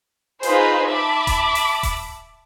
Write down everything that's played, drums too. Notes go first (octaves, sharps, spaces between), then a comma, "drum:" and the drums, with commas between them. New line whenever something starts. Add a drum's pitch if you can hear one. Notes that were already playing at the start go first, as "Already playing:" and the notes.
D#4 F4 G#4 B4 C5, drum: hi-hat
E5 A5 B5 D6
drum: kick D#1, hi-hat
drum: open hi-hat
drum: kick D#1, open hi-hat